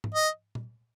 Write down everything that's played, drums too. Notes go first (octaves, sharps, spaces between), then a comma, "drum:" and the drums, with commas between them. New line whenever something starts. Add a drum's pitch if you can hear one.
drum: tom G#2
D#5
drum: tom A#2